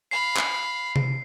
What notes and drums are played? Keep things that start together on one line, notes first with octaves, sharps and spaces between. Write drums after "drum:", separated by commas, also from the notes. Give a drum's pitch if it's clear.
F5 B5 C7
drum: clap
drum: tom C3